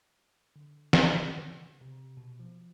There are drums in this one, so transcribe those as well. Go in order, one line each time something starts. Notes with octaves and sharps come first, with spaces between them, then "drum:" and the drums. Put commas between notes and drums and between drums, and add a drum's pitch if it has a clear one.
D3
drum: snare
C#3
C3
B2
F3